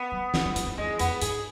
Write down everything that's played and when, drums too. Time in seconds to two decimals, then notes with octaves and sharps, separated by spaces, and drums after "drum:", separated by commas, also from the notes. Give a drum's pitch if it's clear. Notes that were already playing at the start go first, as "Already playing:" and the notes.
Already playing: B3
0.12 G3
0.34 G#3, drum: snare
0.45 G3
0.56 F3, drum: hi-hat
0.67 G2
0.78 F2 G#3
0.99 F2 B3, drum: hi-hat
1.22 G#2 G#4, drum: hi-hat